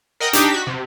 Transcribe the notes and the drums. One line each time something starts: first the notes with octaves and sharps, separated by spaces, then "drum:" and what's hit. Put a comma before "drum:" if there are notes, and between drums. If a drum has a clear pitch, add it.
A#4 D#5 F#5 G5
D4 D#4 G4, drum: hi-hat
F#4 B6
C3